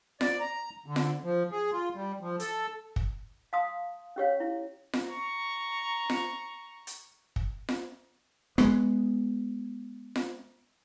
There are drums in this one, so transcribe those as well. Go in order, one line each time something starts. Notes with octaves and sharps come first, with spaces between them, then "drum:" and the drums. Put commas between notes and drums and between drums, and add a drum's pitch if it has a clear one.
D5, drum: snare F4
A#5
D3
drum: snare F4
F3
G#4
F4
G3
F3
A4, drum: hi-hat
drum: kick
F5 A5 C6 D#6
C#4 G4 C#5 F5
E4
drum: snare F4
A#5 C#6
drum: snare F4
drum: hi-hat
drum: kick
drum: snare F4
G#3 B3, drum: rim click
drum: snare F4